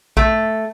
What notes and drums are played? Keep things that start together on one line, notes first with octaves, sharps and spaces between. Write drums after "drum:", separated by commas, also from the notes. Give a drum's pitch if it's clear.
A3, drum: kick A#1